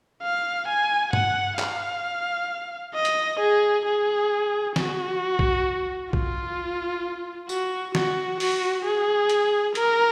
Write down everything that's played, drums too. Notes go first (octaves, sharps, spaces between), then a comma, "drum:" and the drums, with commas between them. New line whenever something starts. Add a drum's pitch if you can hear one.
F5
G#5
F#5, drum: tom G2
F5, drum: clap
D#5
drum: hi-hat
G#4
G#4
F#4, drum: snare
drum: kick B1
F4, drum: kick B1
F#4, drum: tambourine
F#4, drum: snare
F#4, drum: open hi-hat
G#4
drum: hi-hat
A#4, drum: hi-hat